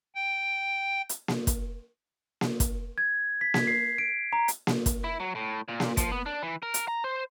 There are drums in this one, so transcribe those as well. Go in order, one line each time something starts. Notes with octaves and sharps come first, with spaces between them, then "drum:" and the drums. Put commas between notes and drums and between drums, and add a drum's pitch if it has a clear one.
G5
drum: hi-hat
drum: snare A#3
drum: kick, hi-hat
drum: snare A#3
drum: kick, hi-hat
G#6
B6
drum: snare A#3
C7
D7
A#5
drum: hi-hat
drum: snare A#3
drum: kick, hi-hat
E4
F#3
A2
A#2
drum: snare A#3
F3, drum: kick, hi-hat
B3
D4
E3
A#4
drum: hi-hat
A#5
C5